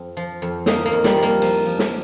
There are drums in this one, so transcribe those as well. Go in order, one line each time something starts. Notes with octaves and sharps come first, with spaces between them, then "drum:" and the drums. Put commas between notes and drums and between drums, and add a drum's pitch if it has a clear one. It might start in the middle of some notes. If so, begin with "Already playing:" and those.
Already playing: F2 C4
F3
F2
F2 A#3 D#4, drum: snare
A#3
F2
G3, drum: snare
F3
A#3
F3, drum: cymbal
F3
drum: snare